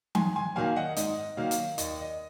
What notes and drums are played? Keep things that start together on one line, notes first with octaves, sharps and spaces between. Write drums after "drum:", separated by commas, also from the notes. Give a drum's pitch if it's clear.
G#2 G#5 C6, drum: tom E3
G#5 C6
D#3 F#3 A#3 F5 G#5
D#5 F#5
G#2 D#5, drum: hi-hat
D#3 F#3 A#3 F5
drum: hi-hat
D#2 D#5, drum: hi-hat
D#5